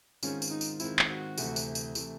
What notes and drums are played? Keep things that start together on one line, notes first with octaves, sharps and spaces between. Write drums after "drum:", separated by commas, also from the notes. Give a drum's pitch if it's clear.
G#2 D#3 G#3 C4 C#4 F4, drum: tambourine
drum: tambourine
D#4
drum: tambourine
G#2 D#3 G#3 C4 E4 F4, drum: tambourine
drum: clap
F#4
D2 C3 E3 A3, drum: tambourine
drum: tambourine
drum: tambourine
C3 E3 A3, drum: tambourine